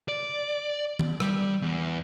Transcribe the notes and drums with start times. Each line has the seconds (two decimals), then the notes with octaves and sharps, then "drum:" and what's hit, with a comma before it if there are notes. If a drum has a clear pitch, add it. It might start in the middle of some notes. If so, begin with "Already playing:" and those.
0.08 D5
0.99 drum: tom D#3
1.20 G3, drum: rim click
1.62 E2